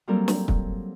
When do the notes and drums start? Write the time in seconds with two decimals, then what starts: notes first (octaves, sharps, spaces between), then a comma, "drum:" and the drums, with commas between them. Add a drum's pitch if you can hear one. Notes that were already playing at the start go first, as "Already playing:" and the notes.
0.08 F#3 G3 A#3 C4 A4 A#4
0.28 drum: snare
0.48 drum: kick